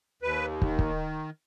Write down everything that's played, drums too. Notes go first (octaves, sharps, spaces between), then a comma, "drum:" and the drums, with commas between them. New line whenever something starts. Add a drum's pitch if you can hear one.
D#2 B4
D#3, drum: kick
drum: kick